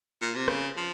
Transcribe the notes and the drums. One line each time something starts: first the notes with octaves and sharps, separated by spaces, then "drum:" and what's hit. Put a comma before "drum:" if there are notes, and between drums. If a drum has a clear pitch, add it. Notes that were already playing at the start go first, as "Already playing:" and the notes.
A#2
C3
C#3, drum: rim click
F3